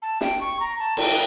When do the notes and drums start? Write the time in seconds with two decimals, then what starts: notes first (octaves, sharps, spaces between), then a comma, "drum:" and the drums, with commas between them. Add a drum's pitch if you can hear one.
0.01 A5
0.21 G5, drum: snare
0.40 C#6
0.59 A#5
0.79 A5
0.97 G5, drum: cymbal